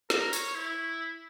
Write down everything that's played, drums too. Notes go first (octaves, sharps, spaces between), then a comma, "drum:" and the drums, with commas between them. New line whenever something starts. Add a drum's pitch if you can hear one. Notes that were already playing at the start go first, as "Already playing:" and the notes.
A#4, drum: snare
C#5, drum: tambourine
E4